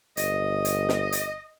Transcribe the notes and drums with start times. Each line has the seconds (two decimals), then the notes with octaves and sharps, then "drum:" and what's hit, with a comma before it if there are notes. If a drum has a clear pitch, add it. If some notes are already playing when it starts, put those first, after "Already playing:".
0.17 G1 D#5, drum: hi-hat
0.65 drum: hi-hat
0.89 drum: snare
1.12 drum: hi-hat